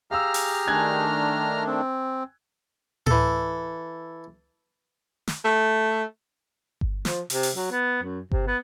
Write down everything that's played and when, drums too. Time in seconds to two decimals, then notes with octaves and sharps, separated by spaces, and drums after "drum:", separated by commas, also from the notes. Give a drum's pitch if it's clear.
0.11 G4 G#4 F5 A#5 E6 F6
0.34 drum: open hi-hat
0.68 D#3 A3 D4 G#5 F#6 G#6
1.67 C4
3.06 E3 A4, drum: tom A2
5.27 drum: snare
5.45 A3
6.81 drum: kick G1
7.05 F3, drum: snare
7.30 C3, drum: open hi-hat
7.43 drum: open hi-hat
7.56 F#3
7.71 B3
8.03 F#2
8.32 C3, drum: kick G1
8.47 B3